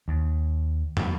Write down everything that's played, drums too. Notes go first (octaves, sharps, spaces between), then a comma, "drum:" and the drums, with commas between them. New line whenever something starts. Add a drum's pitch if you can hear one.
D#2
drum: tom